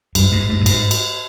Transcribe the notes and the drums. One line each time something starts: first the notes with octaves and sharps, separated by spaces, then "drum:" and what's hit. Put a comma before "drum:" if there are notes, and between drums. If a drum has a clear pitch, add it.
G2, drum: cymbal
G#2
G#2
G2
G#2, drum: cymbal
drum: cymbal